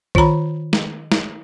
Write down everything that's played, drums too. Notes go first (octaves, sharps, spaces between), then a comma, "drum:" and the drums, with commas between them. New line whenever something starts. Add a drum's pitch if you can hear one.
D#3 F4 C#5 A#5 B5, drum: kick B1
drum: snare
drum: snare